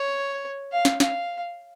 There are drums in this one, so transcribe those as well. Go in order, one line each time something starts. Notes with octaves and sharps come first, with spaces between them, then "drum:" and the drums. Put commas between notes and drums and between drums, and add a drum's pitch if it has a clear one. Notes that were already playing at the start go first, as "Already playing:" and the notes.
Already playing: C#5
F5
drum: snare
F5, drum: snare